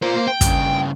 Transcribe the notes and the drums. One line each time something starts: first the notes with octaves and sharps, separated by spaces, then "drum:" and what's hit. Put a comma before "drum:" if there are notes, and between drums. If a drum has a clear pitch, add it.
F4 A#4 C5
A#3
G5
G2 C#3, drum: kick, hi-hat